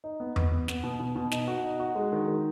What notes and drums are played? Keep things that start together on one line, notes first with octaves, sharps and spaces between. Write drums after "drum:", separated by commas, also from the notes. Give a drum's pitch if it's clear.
D#4
B3
B3, drum: tom E2
B3
B3, drum: snare
B2
B2
B2
D#4, drum: snare
F#4
D#4
F#4
G#3
D#3
D#3